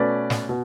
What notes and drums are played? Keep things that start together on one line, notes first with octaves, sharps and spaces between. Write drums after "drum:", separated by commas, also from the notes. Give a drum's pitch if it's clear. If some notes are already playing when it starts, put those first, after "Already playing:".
Already playing: B2 A3 C#4 B4 D5
drum: snare
B2